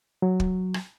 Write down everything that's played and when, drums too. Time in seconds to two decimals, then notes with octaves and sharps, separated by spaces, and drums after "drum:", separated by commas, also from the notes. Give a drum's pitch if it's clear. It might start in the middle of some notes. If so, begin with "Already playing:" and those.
0.22 F#3
0.40 drum: kick
0.74 drum: rim click